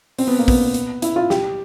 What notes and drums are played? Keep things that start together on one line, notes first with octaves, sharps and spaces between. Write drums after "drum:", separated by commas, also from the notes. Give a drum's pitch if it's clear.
C4, drum: open hi-hat
B3
A#3
B3, drum: kick, open hi-hat
drum: hi-hat
E4, drum: hi-hat
F4
G4, drum: snare